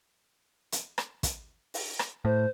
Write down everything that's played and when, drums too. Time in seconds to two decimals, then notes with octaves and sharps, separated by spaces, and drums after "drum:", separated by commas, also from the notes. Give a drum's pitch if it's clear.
0.72 drum: hi-hat
0.98 drum: rim click
1.23 drum: kick, hi-hat
1.74 drum: open hi-hat
1.99 drum: rim click
2.25 A2 C5